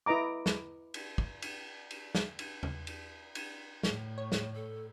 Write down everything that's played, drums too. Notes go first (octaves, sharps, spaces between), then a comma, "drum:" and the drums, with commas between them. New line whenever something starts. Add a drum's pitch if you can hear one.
E4 B4 D#5 A#5 D6
drum: snare
drum: cymbal
drum: kick
drum: cymbal
drum: cymbal
drum: snare
drum: cymbal
drum: tom E2
drum: cymbal
drum: cymbal
A2, drum: snare
C#5
drum: snare
A4